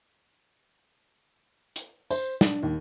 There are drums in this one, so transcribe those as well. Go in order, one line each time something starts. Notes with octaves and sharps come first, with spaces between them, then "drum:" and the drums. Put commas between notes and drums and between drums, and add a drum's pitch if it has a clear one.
drum: hi-hat
C5, drum: tambourine
D4, drum: snare
D#2